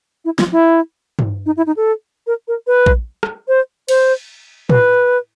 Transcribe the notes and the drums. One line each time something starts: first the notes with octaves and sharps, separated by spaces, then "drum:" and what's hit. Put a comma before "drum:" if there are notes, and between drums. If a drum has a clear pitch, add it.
E4
F4, drum: snare
E4
drum: tom G2
D#4
E4
D#4
A4
A#4
A#4
B4
drum: kick A#1
drum: rim click
C5
C5, drum: cymbal
B4, drum: tom